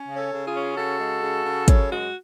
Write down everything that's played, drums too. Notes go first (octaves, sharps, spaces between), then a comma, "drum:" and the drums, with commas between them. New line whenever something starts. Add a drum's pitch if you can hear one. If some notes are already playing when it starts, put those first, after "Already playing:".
Already playing: C#4
C#3
A4 C#5
C#3
F4 G#4
C#4
C#3 F#4 A4
G#3
C#3
C#3
F#2 A4 C#5, drum: kick, hi-hat
G#3 F#4